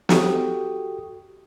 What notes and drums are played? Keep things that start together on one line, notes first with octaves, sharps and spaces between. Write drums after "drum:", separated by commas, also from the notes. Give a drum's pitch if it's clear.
F#4 G4 A4 G5 C#6 D#6, drum: snare